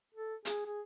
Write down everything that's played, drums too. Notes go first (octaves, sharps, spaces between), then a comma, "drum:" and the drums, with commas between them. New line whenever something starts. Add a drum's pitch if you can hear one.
A4
G#4, drum: hi-hat
G#4